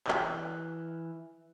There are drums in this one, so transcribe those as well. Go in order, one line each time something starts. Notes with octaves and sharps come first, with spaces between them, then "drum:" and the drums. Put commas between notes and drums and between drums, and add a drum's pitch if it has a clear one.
E3 F6 F#6, drum: clap